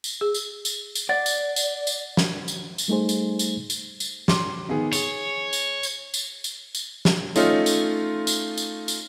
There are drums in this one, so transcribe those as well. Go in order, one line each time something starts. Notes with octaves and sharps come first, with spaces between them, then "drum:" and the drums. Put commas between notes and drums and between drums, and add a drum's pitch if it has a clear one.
drum: tambourine
G#4
drum: tambourine
drum: tambourine
drum: tambourine
D5 F#5 A6
drum: tambourine
drum: tambourine
drum: tambourine
drum: snare
drum: tambourine
drum: tambourine
G3 A3 D#4 G#4 C5
drum: tambourine
drum: tambourine
drum: tambourine
drum: tambourine
C6 D6, drum: snare
D#3 B3 G#4
G#4 C#5 F7, drum: tambourine
drum: tambourine
drum: tambourine
drum: tambourine
drum: tambourine
drum: tambourine
drum: snare
A3 C#4 D#4 F4, drum: tambourine
drum: tambourine
drum: tambourine
drum: tambourine
drum: tambourine